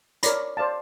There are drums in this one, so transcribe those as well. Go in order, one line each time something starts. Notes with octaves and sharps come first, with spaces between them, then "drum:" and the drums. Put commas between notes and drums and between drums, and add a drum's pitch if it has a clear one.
A#4 C#5 D5 B5, drum: hi-hat
C5 D5 F5 A5